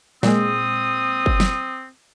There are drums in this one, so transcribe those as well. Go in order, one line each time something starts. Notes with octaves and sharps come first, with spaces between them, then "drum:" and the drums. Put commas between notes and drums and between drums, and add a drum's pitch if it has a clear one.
A#2 G#3 C4 D#6, drum: snare
drum: kick
drum: snare